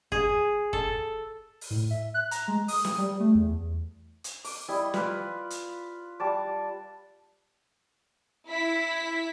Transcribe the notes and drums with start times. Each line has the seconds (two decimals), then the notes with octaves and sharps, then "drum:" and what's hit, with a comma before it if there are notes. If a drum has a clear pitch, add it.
0.12 G#4, drum: kick F#1
0.73 A4, drum: kick F#1
1.61 drum: open hi-hat
1.70 A2
1.91 E5
2.14 F#6
2.31 A#5, drum: hi-hat
2.48 G#3
2.68 D#6, drum: open hi-hat
2.85 drum: snare
2.98 G3
3.20 A3
3.35 E2
4.24 drum: hi-hat
4.44 D6, drum: open hi-hat
4.68 G3 E4 D#5
4.94 F4 B4 F5 D6, drum: snare
5.50 drum: hi-hat
6.20 G3 A5 D6
8.48 E4 B6